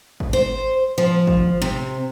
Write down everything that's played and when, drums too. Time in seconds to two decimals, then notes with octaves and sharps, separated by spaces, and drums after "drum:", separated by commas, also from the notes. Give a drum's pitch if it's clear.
0.20 drum: kick
0.33 C5
0.98 F3
1.27 drum: kick
1.62 C3